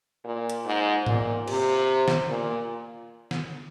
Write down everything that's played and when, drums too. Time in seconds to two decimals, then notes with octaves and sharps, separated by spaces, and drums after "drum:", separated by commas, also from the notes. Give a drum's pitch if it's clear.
0.24 A#2
0.50 drum: hi-hat
0.65 G#2
1.06 A#2, drum: tom G#2
1.48 C3, drum: cymbal
2.08 drum: snare
2.29 A#2
3.31 drum: snare